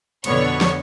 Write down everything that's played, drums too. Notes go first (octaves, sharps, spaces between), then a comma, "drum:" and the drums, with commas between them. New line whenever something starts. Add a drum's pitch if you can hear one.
F2 B2 D3 B3 C#5 C#6, drum: cymbal
drum: snare